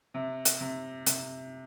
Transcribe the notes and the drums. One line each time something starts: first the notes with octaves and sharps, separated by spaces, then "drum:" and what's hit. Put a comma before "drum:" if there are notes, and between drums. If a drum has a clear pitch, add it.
C3
drum: hi-hat
C3
C3, drum: hi-hat